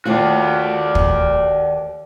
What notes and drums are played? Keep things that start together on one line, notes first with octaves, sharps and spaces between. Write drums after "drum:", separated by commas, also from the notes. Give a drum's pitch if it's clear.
D#2 A3 F4 F#4 D5
drum: kick